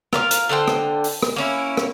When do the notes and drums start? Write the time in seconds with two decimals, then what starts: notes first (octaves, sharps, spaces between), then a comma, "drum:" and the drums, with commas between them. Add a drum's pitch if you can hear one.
0.13 F4 A#4 C#5 F5, drum: rim click
0.31 drum: hi-hat
0.49 D3 D4 C5 G5
0.68 drum: rim click
1.04 drum: open hi-hat
1.22 drum: rim click
1.36 A#3 C#4 E4
1.77 drum: rim click